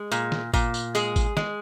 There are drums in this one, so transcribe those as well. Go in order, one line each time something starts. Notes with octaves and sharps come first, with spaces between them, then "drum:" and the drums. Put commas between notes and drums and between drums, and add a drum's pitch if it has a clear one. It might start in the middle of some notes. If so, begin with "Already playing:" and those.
Already playing: G#3
A#2, drum: tambourine
drum: snare
A#2, drum: kick G#1, tambourine
drum: tambourine
G#3 G#4, drum: tambourine
drum: kick G#1, tambourine
G#3, drum: snare